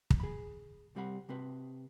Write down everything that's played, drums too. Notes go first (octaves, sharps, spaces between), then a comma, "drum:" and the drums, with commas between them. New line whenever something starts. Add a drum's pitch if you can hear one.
drum: kick
G#4 B5
C2 C3 G3 C4 F#5 B5
C3 C4 B4